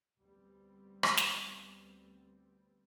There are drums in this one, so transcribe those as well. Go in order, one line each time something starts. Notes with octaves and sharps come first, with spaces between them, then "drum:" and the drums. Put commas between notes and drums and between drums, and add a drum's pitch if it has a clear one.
D2 G3 B3 C4
drum: rim click
drum: snare